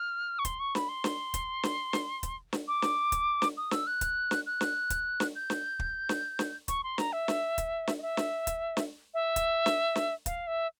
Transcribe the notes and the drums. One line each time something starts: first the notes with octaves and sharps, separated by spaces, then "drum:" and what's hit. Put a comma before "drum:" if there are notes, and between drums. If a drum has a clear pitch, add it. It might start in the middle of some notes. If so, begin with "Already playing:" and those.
Already playing: F6
C#6
C6, drum: kick, hi-hat
C#6
B5, drum: snare
C6
drum: snare
drum: kick, hi-hat
drum: snare
drum: snare
drum: kick, hi-hat
drum: snare
D6
drum: snare
drum: kick, hi-hat
drum: snare
D#6
E6, drum: snare
F#6
drum: kick, hi-hat
drum: snare
F#6
drum: snare
drum: kick, hi-hat
drum: snare
G6
drum: snare
drum: kick
drum: snare
drum: snare
C#6, drum: kick, hi-hat
C6
A#5, drum: snare
E5
drum: snare
drum: kick, hi-hat
drum: snare
D#5
E5
drum: snare
drum: kick, hi-hat
drum: snare
E5
drum: kick, hi-hat
drum: snare
drum: snare
F5, drum: kick, hi-hat
E5